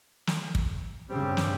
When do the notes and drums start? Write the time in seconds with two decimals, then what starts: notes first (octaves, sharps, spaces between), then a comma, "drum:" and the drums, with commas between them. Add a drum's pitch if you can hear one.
0.27 drum: snare
0.55 drum: kick
1.10 G2 C#3 G3 C4 G4
1.37 drum: snare